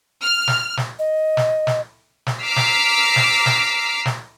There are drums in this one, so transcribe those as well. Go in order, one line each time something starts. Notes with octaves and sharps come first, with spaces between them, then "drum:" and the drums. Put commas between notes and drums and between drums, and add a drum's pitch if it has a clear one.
F6
drum: snare
drum: snare
D#5
drum: snare
drum: snare
drum: snare
A#5 D6 E6 F6 B6 C7
drum: snare
drum: snare
drum: snare
drum: snare